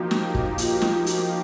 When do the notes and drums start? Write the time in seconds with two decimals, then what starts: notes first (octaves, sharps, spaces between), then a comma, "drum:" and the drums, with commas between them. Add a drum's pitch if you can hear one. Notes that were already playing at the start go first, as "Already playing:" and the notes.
Already playing: F3 A#3 D#4 F#4 G4
0.11 drum: snare
0.35 drum: kick
0.58 F4, drum: hi-hat
0.76 F#4
0.82 F4, drum: snare
1.06 F#4, drum: hi-hat